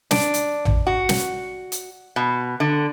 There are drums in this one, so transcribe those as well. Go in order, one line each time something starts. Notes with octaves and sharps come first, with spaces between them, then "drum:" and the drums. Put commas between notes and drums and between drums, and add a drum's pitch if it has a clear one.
D4, drum: snare
drum: hi-hat
drum: tom A1
F#4
drum: snare
drum: hi-hat
B2
D3